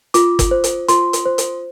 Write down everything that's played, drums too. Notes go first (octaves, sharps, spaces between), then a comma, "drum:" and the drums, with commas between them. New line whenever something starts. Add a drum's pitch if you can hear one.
F4 D6, drum: hi-hat
drum: kick, hi-hat
C5
drum: hi-hat
F4 C6, drum: hi-hat
drum: hi-hat
C5
drum: hi-hat